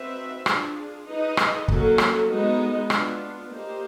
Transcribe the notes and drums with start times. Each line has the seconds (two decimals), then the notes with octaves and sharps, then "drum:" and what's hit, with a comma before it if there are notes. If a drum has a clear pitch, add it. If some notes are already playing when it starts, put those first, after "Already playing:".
Already playing: C4 D#4 F#4 B4 E5
0.46 D4 F4 G#4, drum: rim click
1.07 D#4 G#4 B4 D#5
1.37 drum: rim click
1.68 F#3 A#3 C#4 F#4 A4, drum: kick
1.98 drum: rim click
2.29 G#3 B3 D#4 F#4
2.90 B3 D4 F4, drum: rim click
3.50 A#3 D#4 G4 C5